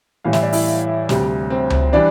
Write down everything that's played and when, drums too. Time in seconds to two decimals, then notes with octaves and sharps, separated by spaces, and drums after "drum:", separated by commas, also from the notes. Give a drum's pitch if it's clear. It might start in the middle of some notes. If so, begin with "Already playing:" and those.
0.24 A2 E3 G3 F5
0.33 E5, drum: snare
0.43 D5
0.53 E4 E5, drum: open hi-hat
1.09 D2 C3 G3, drum: snare
1.50 C4 C5
1.70 drum: tom C#2
1.93 E3 G3 D4 D5